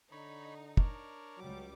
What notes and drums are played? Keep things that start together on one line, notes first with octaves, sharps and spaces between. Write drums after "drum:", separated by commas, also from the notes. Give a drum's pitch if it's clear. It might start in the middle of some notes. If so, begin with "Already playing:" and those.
D3 D#4 C#5 B5
D4 A#4 C#5, drum: kick
C#2 F#3 G3 D6